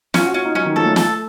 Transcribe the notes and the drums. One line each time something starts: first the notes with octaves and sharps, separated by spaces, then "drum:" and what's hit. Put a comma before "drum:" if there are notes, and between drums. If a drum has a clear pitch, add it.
C#4 F4, drum: snare
F#4
C#4 F4
D#4
F#3 C#4
D#3
F3 A4
A3
A4, drum: snare